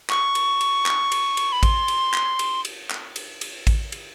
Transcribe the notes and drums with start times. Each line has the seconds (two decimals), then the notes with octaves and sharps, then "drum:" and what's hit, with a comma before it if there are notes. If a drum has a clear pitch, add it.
0.10 C#6, drum: clap
0.35 drum: cymbal
0.61 drum: cymbal
0.86 drum: clap
1.12 drum: cymbal
1.37 drum: cymbal
1.52 B5
1.63 C6, drum: kick A1, cymbal
1.88 drum: cymbal
2.14 drum: clap
2.39 drum: cymbal
2.65 drum: cymbal
2.90 drum: clap
3.16 drum: cymbal
3.41 drum: cymbal
3.67 drum: kick A1, cymbal
3.92 drum: cymbal